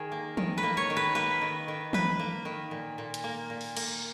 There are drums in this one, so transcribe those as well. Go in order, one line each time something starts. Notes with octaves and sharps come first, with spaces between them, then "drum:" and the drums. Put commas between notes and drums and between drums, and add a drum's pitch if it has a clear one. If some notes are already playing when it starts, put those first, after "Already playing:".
Already playing: D#3 G#4
A#3
D#3, drum: tom E3
B4
A#3
C#5
D#3
B4
A#3 B4
D#3
D#3
A#3 B4, drum: tom E3
A#3
D#3
A#2
A#2
drum: hi-hat
A#3
A#2
drum: open hi-hat
A#3, drum: cymbal